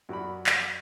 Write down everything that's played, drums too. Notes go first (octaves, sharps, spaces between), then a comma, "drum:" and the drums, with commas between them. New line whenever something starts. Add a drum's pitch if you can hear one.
F#2 F#4 D5 B5
drum: clap